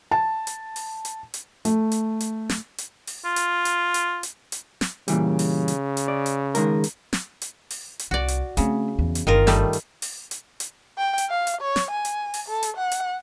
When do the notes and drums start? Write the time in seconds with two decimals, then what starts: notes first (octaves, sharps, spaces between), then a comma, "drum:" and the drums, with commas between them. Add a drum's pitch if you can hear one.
0.11 A5
0.47 drum: hi-hat
0.76 drum: open hi-hat
1.05 drum: hi-hat
1.34 drum: hi-hat
1.65 A3, drum: hi-hat
1.92 drum: hi-hat
2.21 drum: hi-hat
2.49 drum: snare
2.78 drum: hi-hat
3.07 drum: open hi-hat
3.25 F4
3.36 drum: hi-hat
3.65 drum: hi-hat
3.94 drum: hi-hat
4.23 drum: hi-hat
4.52 drum: hi-hat
4.81 drum: snare
5.08 A#2 C#3 E3 G3, drum: hi-hat
5.39 drum: open hi-hat
5.68 drum: hi-hat
5.97 drum: hi-hat
6.08 D5
6.26 drum: hi-hat
6.55 D#3 G#3 A#4, drum: hi-hat
6.84 drum: hi-hat
7.13 drum: snare
7.42 drum: hi-hat
7.71 drum: open hi-hat
7.99 drum: hi-hat
8.11 C2 F#4 D5
8.28 drum: hi-hat
8.57 C#3 A3 C4, drum: hi-hat
8.99 E2
9.15 drum: hi-hat
9.27 G1 D#3 F4 A#4
9.47 D#3 G3 A3, drum: snare
9.73 drum: hi-hat
10.02 drum: open hi-hat
10.31 drum: hi-hat
10.60 drum: hi-hat
10.98 G5
11.18 drum: hi-hat
11.30 F5
11.47 drum: hi-hat
11.61 C#5
11.76 drum: snare
11.91 G#5
12.05 drum: hi-hat
12.34 drum: open hi-hat
12.49 A4
12.63 drum: hi-hat
12.77 F#5
12.92 drum: hi-hat